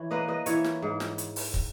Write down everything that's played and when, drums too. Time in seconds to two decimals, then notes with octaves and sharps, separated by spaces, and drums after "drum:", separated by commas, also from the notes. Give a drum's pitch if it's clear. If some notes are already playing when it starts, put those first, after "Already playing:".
Already playing: E3 C#5
0.11 A#3 B4 D#5
0.28 B4 D#5
0.46 E3 C#5 E5, drum: hi-hat
0.64 drum: snare
0.82 G#2
1.00 drum: snare
1.18 drum: hi-hat
1.36 drum: open hi-hat
1.54 drum: kick